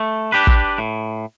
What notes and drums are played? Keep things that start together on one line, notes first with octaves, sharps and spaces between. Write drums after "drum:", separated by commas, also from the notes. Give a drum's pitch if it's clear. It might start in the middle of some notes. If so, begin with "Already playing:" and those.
Already playing: A3
D4 G4 B4
drum: kick
A2